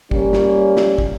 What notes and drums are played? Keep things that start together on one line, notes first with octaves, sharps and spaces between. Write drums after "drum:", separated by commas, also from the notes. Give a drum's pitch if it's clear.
G3 A#3 C#4, drum: kick
drum: snare
drum: snare
drum: kick